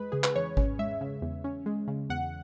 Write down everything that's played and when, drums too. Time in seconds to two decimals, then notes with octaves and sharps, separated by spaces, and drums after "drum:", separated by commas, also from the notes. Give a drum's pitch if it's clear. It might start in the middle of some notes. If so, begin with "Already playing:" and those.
Already playing: E2 G#3 B4
0.12 C#3 G#4
0.24 B4, drum: clap
0.36 E2 C#5
0.57 C#4, drum: kick G#1
0.79 G#3 E5
1.01 C#3
1.22 E2
1.44 C#4
1.66 G#3
1.88 C#3
2.10 E2 F#5